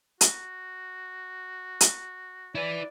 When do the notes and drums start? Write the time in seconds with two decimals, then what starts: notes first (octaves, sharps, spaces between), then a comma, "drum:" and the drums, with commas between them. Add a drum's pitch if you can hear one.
0.21 F#4, drum: hi-hat
1.81 drum: hi-hat
2.55 E4 B4 D5